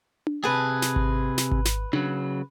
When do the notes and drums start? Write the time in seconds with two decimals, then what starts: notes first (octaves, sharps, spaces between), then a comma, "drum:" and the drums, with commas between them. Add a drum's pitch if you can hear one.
0.27 drum: tom D4
0.44 C3 G#4 B4 A5
0.82 drum: snare
0.96 drum: kick G#1
1.38 drum: snare
1.51 drum: kick G#1
1.65 drum: snare
1.93 C#3 F#3, drum: tom D4